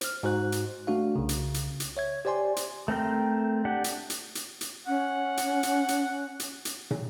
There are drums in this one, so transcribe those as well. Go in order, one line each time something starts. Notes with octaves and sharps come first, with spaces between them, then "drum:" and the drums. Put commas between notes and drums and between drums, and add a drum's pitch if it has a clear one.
C5 F6, drum: hi-hat
G#2 F#4 C5 F#6
drum: hi-hat
A3 D4 F#4 F5
C2 C#3
drum: hi-hat
drum: hi-hat
drum: hi-hat
C#5 E5 G#6
G4 C5 D5 G#5 C6
drum: hi-hat
A3 C4 A#4 G5
D4 G4 F#5
drum: hi-hat
drum: hi-hat
drum: hi-hat
drum: hi-hat
C#4 F#5
drum: hi-hat
drum: hi-hat
drum: hi-hat
drum: hi-hat
drum: hi-hat
drum: tom